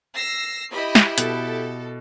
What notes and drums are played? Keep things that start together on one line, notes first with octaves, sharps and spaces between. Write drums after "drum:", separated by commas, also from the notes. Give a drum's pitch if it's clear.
E6 A#6 C7
E4 G4 D#5 B5
drum: snare
B2 A4, drum: hi-hat